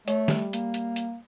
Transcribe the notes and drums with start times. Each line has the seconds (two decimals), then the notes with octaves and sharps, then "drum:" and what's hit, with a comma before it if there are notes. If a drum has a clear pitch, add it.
0.08 A3 C#5, drum: hi-hat
0.28 G3, drum: snare
0.53 A#3, drum: hi-hat
0.74 drum: hi-hat
0.96 drum: hi-hat